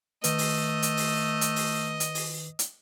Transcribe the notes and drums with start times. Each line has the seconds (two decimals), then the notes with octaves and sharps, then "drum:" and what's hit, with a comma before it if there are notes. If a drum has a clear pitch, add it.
0.24 D#3 A3 B4 D#5, drum: hi-hat
0.38 drum: open hi-hat
0.82 drum: hi-hat
0.97 drum: open hi-hat
1.41 drum: hi-hat
1.56 drum: open hi-hat
2.00 drum: hi-hat
2.15 drum: open hi-hat
2.59 drum: hi-hat